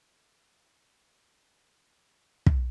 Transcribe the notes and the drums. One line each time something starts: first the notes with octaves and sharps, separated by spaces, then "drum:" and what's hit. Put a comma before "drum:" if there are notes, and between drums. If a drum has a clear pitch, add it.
C#4 E4 F4 G4 G#4 D5
F1 G5 B5
G#3 D4
D#4
C#3 E3 G4 A#4
drum: kick